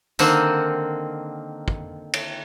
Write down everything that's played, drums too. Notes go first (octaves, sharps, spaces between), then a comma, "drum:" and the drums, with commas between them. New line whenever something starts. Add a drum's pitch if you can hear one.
D3 D#3 A#3 C4 C5 F#5, drum: tambourine
drum: kick
drum: cymbal